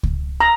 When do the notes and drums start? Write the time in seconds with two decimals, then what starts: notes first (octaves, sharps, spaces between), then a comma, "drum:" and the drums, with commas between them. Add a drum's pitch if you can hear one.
0.03 drum: kick C#2
0.40 A#5